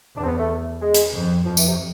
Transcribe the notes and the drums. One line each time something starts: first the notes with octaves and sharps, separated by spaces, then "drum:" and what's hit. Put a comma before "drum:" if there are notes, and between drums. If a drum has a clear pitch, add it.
E2 D4
C4
B3
A3
G#3
drum: hi-hat
F2
F2 F3
E3, drum: tambourine
C3